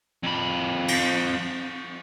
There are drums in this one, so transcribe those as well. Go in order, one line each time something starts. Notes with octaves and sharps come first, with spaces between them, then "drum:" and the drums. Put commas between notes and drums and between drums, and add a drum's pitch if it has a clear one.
F2 B5
drum: cymbal